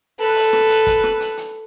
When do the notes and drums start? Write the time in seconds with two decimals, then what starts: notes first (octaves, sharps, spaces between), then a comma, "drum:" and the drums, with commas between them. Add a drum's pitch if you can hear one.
0.19 A4 B4
0.36 drum: open hi-hat
0.53 drum: rim click
0.70 drum: hi-hat
0.87 drum: kick, hi-hat
1.04 drum: rim click
1.20 drum: hi-hat
1.37 drum: hi-hat